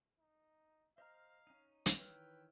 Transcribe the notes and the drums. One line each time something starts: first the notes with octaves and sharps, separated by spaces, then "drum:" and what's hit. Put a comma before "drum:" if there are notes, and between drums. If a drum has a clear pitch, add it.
D#4
C5 D#5 F5 A#5 F6
C#4 D#4
drum: hi-hat
D#3 E3 E4 B4 C#5 G5 E6 F6